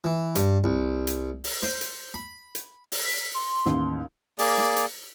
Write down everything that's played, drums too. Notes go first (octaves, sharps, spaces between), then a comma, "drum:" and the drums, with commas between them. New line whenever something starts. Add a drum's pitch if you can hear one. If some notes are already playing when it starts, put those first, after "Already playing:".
E3
G2, drum: hi-hat
C2
drum: hi-hat
drum: open hi-hat
C5, drum: snare
drum: hi-hat
B5
drum: hi-hat
drum: open hi-hat
B6
C6
A1 D#2, drum: snare
A#3 G#4 D5, drum: open hi-hat
drum: snare
drum: hi-hat